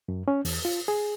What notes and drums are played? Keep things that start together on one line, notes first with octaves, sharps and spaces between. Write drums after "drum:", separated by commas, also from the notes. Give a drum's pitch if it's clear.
F#2
C#4
E2, drum: open hi-hat
F4
G#4